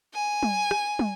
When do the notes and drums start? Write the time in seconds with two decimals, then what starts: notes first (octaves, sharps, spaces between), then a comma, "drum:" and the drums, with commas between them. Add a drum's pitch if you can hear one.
0.14 G#5
0.43 drum: tom
0.71 drum: rim click
0.99 drum: tom